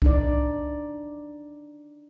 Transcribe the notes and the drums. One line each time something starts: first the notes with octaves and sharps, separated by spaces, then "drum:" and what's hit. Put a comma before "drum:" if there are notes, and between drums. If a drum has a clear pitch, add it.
D4 D#4 D5, drum: kick C2